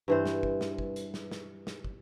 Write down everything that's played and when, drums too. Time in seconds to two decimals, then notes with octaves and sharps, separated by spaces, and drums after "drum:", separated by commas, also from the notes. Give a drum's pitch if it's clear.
0.08 G2 E3 C5
0.26 drum: snare
0.43 drum: kick
0.61 drum: snare
0.79 drum: kick
0.96 drum: hi-hat
1.14 drum: snare
1.31 drum: snare
1.67 drum: snare
1.84 drum: kick